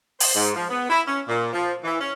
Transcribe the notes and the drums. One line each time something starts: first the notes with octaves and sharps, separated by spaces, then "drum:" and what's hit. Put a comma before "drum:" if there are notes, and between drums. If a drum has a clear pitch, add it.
C5, drum: open hi-hat
G#2
F3
B3
E4
C#4
A#2
F3
E3
C#4